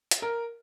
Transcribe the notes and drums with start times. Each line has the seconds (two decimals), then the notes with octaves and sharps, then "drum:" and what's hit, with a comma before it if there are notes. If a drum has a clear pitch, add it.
0.11 drum: hi-hat
0.22 A#4